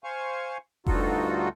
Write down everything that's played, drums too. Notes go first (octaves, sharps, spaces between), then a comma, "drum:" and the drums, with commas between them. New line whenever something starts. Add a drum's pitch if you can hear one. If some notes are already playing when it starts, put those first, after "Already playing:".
C5 F5 G#5 C#6
D2 G2 D#4 F4 F#4 A4, drum: kick F1